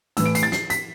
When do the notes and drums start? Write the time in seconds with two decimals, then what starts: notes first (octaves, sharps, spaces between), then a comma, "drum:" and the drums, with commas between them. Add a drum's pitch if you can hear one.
0.17 A2 E3 E6, drum: hi-hat
0.25 D7
0.35 C7, drum: hi-hat
0.43 A6
0.52 C7, drum: snare
0.70 B6, drum: hi-hat